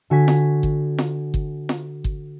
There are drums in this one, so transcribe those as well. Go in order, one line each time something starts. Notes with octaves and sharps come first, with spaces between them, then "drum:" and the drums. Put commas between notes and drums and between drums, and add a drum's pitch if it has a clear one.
D3 F#4 G#5 B6
drum: snare
drum: kick G1
drum: snare
drum: kick G1
drum: snare
drum: kick G1